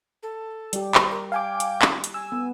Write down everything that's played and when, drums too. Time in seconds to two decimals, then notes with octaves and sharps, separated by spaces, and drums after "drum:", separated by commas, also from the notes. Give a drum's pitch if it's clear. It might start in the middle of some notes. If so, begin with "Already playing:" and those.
0.23 A4
0.73 G3 G4, drum: hi-hat
0.95 drum: clap
1.11 A#4
1.32 F5 G5 G#5 D6
1.60 drum: hi-hat
1.82 drum: clap
2.04 drum: hi-hat
2.14 G#5 E6
2.32 B3